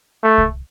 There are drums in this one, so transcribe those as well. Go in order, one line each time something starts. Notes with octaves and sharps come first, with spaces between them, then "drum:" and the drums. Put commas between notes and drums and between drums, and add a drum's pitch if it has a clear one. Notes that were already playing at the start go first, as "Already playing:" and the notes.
A3
drum: kick C2